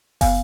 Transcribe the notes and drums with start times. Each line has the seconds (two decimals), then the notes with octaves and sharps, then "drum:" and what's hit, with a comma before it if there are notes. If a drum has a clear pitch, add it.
0.21 B3 F5 G#5, drum: kick, open hi-hat